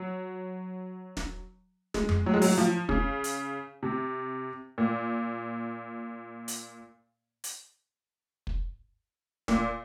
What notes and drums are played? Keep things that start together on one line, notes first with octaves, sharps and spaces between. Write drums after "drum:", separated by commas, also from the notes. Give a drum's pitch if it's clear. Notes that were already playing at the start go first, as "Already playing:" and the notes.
Already playing: F#3
drum: snare
G#3, drum: snare
drum: tom F2
F#3
G#3
F#3, drum: open hi-hat
F3
C#3, drum: kick
drum: hi-hat
C3
A#2
drum: hi-hat
drum: hi-hat
drum: kick
A#2, drum: snare